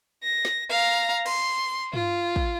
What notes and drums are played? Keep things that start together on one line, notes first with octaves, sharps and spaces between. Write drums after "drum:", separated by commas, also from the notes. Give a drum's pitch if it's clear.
A#6
drum: snare
F5 A#5
C6, drum: cymbal
F4, drum: tom G2
drum: kick